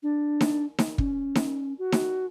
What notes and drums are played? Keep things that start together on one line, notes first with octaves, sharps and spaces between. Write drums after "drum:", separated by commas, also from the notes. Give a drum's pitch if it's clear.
D4
drum: snare D#4
drum: snare D#4
C#4, drum: kick
drum: snare D#4
F#4
drum: snare D#4